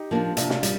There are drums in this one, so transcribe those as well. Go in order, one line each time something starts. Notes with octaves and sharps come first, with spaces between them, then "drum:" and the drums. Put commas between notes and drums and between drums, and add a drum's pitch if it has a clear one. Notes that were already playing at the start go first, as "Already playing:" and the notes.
Already playing: D#4 G4
F3 A#3 D4
C3 D4 F4, drum: hi-hat
drum: snare
G3, drum: hi-hat